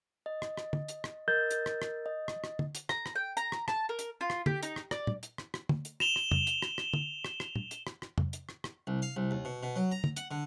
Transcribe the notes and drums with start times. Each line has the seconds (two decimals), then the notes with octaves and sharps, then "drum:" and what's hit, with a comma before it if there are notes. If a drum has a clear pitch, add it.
0.26 D#5
0.42 drum: rim click
0.57 drum: rim click
0.73 drum: tom
0.88 drum: hi-hat
1.04 drum: rim click
1.28 A#4 D#5 G6 A6
1.51 drum: hi-hat
1.66 drum: rim click
1.82 drum: rim click
2.06 D#5
2.28 drum: rim click
2.44 drum: rim click
2.59 drum: tom
2.75 drum: hi-hat
2.89 A#5, drum: rim click
3.06 drum: rim click
3.15 G5
3.37 A#5, drum: hi-hat
3.52 drum: rim click
3.68 A5, drum: rim click
3.89 A#4
3.99 drum: hi-hat
4.21 F4
4.30 drum: rim click
4.46 G4, drum: tom
4.63 D#4, drum: hi-hat
4.76 drum: rim click
4.91 D5, drum: rim click
5.07 drum: tom
5.23 drum: hi-hat
5.38 drum: rim click
5.54 drum: rim click
5.69 drum: tom
5.85 drum: hi-hat
6.00 E7 F7 G7, drum: rim click
6.16 drum: rim click
6.31 drum: tom
6.47 drum: hi-hat
6.62 drum: rim click
6.78 drum: rim click
6.93 drum: tom
7.25 drum: rim click
7.40 drum: rim click
7.56 drum: tom
7.71 drum: hi-hat
7.87 drum: rim click
8.02 drum: rim click
8.18 drum: tom
8.33 drum: hi-hat
8.49 drum: rim click
8.64 drum: rim click
8.87 C2
9.02 F5
9.16 C2
9.31 D#2
9.45 B2
9.63 B2
9.76 F#3
9.91 A#5
10.04 drum: tom
10.16 F#5, drum: hi-hat
10.31 D3